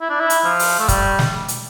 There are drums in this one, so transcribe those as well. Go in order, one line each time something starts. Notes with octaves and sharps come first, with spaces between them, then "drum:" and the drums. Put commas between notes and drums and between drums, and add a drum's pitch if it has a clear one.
E4
D4
E4
drum: hi-hat
F3
drum: open hi-hat
A3
G3, drum: kick, hi-hat
drum: snare
drum: hi-hat